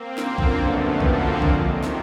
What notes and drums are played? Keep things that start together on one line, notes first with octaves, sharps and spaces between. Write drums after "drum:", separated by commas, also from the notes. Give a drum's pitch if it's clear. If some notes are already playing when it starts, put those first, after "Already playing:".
Already playing: A#3 C4
F#2 D3 F3, drum: snare
drum: kick B1
F#2 D3 F3 A3 B3
F#2 D3 F3 A#3 C4, drum: kick B1
F2 C3 D#3, drum: kick B1
drum: snare